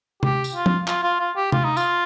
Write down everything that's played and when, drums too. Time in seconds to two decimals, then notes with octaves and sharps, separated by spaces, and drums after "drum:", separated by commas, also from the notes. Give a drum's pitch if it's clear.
0.23 G4, drum: tom C3
0.44 drum: tambourine
0.55 F4
0.66 drum: tom
0.88 F4, drum: clap
1.04 F4
1.20 F4
1.36 G4
1.52 F4, drum: tom C3
1.64 D#4
1.77 F4, drum: tambourine